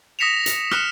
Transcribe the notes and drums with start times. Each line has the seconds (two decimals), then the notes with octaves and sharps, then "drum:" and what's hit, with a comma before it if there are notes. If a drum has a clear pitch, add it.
0.19 D#6 A#6 B6 C#7 E7 F7
0.46 drum: hi-hat
0.71 F6 F#6 C#7 E7, drum: rim click